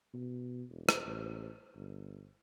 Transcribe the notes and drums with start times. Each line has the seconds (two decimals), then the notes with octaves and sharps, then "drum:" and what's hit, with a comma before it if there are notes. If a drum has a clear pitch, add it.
0.14 B2
0.70 E1
0.89 drum: rim click
1.05 A1
1.76 G1